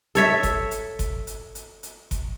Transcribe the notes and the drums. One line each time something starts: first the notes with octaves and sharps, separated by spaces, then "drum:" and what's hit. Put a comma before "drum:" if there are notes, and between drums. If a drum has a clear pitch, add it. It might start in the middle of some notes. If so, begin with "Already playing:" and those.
A4 C#5 E5, drum: hi-hat
drum: kick G1, hi-hat
drum: hi-hat
drum: kick G1, hi-hat
drum: hi-hat
drum: hi-hat
drum: hi-hat
drum: kick G1, hi-hat